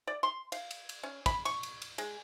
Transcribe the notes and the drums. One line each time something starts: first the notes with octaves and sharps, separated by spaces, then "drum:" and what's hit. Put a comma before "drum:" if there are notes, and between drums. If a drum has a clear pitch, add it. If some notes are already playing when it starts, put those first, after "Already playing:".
D5
C6
F5, drum: cymbal
drum: cymbal
drum: cymbal
C#4
B5, drum: kick, cymbal
C#6, drum: cymbal
drum: cymbal
drum: cymbal
G#3, drum: cymbal